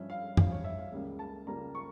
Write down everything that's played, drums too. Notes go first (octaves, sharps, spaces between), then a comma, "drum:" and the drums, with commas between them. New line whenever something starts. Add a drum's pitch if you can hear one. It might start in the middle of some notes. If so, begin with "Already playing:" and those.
Already playing: G2 F3 C#4 E5
F5
G2 F3 C#4 F5, drum: tom F#2
C#5
E5
F5
C#2 C#3 G3 A#3
A5
C#2 C#3 G3 A#3 A#5
C#6